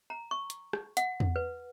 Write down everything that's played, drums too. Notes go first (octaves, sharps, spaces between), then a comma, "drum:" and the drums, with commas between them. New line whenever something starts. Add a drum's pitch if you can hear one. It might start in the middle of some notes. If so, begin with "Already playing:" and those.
A#5
C#6
drum: hi-hat
drum: rim click
F#5, drum: hi-hat
drum: tom E2
B4